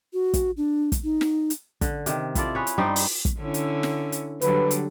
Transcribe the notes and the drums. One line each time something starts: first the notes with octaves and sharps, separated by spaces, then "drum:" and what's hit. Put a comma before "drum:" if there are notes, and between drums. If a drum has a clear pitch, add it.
F#4
drum: kick, hi-hat
D4
drum: kick, hi-hat
D#4
drum: snare
drum: hi-hat
D3, drum: kick, hi-hat
C3 D#3, drum: hi-hat
E4 F4 A4 D5, drum: kick, hi-hat
G#4 B4 C#5
drum: hi-hat
G2 G3 D#4 C5
drum: open hi-hat
drum: kick, hi-hat
D3 C#4 E4
drum: hi-hat
drum: snare
drum: hi-hat
D3 F#3 G3 B4, drum: hi-hat
drum: hi-hat